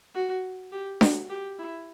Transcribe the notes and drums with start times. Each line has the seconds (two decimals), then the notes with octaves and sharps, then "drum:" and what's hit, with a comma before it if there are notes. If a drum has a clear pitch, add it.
0.15 F#4
0.72 G4
1.01 F#4, drum: snare D4
1.30 G4
1.59 E4